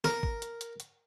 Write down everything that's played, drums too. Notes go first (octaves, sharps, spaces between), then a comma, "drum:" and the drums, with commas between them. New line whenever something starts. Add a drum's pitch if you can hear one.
A#4, drum: snare
drum: kick G#1
drum: hi-hat
drum: hi-hat
drum: hi-hat